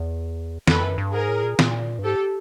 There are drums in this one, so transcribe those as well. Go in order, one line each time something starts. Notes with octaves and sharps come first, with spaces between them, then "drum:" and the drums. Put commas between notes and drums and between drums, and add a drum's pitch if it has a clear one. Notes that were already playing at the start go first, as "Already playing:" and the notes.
Already playing: E2
F2 A4 B4, drum: snare
F#2
G2
G#2 G#4 A#4
A2
A#2
A#2, drum: snare
G2
G#2 G4 A4